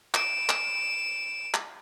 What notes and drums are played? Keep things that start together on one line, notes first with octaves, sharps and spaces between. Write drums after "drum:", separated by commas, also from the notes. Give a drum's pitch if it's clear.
D7 E7, drum: clap
drum: clap
drum: clap